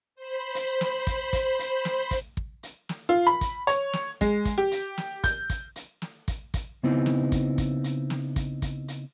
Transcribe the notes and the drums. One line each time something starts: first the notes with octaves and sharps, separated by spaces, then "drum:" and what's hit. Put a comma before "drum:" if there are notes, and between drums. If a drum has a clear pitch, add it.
C5 B5
drum: hi-hat
drum: snare
drum: kick, hi-hat
drum: kick, hi-hat
drum: hi-hat
drum: snare
drum: kick, hi-hat
drum: kick
drum: hi-hat
drum: snare
F4
B5
drum: kick, hi-hat
C#5, drum: hi-hat
drum: snare
G#3, drum: kick, hi-hat
drum: kick, hi-hat
G4
drum: hi-hat
drum: snare
G6, drum: kick, hi-hat
drum: kick, hi-hat
drum: hi-hat
drum: snare
drum: kick, hi-hat
drum: kick, hi-hat
C#3 B3 C4 D#4 E4
drum: snare
drum: kick, hi-hat
drum: kick, hi-hat
drum: hi-hat
drum: snare
drum: kick, hi-hat
drum: kick, hi-hat
drum: hi-hat